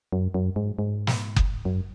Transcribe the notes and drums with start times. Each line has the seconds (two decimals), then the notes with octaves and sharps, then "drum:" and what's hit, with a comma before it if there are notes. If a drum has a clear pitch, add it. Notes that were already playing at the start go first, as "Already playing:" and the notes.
0.12 F#2
0.34 F#2
0.56 G#2
0.79 G#2
1.07 drum: snare
1.36 drum: kick F#1
1.65 F#2